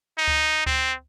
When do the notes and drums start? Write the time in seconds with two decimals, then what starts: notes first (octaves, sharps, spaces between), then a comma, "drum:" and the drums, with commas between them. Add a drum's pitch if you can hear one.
0.18 D#4
0.28 drum: kick D2
0.66 C4, drum: kick D2